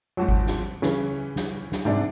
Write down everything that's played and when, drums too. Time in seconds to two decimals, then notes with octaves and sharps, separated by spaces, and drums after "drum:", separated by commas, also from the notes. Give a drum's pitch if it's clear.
0.17 F2 G#2 F#3 F#4
0.29 drum: kick G#1
0.46 drum: snare
0.82 C#3 E3 C#4, drum: snare
1.36 drum: snare
1.72 drum: snare
1.85 G#2 C3 D4 D5